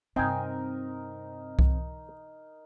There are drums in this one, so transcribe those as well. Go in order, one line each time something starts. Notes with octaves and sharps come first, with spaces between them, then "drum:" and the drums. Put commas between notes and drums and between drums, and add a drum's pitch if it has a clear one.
G2 C3 C4 D#4 A#4 D#5 G5 G#5
drum: kick C2